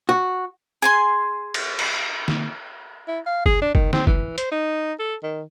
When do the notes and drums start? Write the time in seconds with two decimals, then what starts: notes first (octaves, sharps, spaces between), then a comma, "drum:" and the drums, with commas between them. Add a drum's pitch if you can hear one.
0.09 F#4
0.82 G#4 G#5 C6
1.54 drum: cymbal
1.79 drum: cymbal
2.28 drum: snare
3.08 E4
3.26 F5
3.46 G#4, drum: kick F#1
3.62 D4
3.75 D#3, drum: kick F#1
3.93 C4, drum: snare
4.07 E3, drum: kick F#1
4.38 C5, drum: hi-hat
4.52 D#4
4.99 A4
5.23 D#3